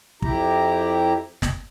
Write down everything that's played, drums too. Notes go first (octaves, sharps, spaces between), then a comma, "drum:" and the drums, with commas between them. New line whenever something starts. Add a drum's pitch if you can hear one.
F2 E4 G4 A#5, drum: kick
drum: snare